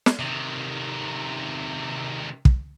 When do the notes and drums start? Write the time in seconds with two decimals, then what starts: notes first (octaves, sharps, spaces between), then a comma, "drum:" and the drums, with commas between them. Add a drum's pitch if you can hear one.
0.06 drum: snare
0.19 C3 D#3
2.45 drum: kick